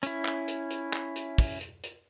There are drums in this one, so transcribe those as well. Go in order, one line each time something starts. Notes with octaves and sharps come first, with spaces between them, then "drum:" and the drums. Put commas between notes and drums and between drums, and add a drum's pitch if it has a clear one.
C#4 E4, drum: hi-hat
drum: clap
drum: hi-hat
drum: hi-hat
drum: clap
drum: hi-hat
drum: kick, open hi-hat
drum: hi-hat
drum: hi-hat